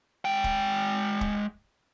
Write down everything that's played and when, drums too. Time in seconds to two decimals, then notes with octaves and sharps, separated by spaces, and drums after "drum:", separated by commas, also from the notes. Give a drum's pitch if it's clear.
0.25 G#3 G5
0.44 drum: kick
1.21 drum: kick